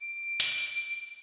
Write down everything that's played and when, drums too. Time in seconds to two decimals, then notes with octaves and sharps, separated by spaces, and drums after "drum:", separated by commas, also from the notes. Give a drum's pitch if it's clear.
0.01 D7
0.40 drum: hi-hat